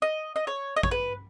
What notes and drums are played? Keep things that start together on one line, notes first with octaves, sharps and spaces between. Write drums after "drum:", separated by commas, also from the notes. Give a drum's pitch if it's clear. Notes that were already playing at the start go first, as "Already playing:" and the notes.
D#5
D#5
C#5
D#5
C#5, drum: kick
B4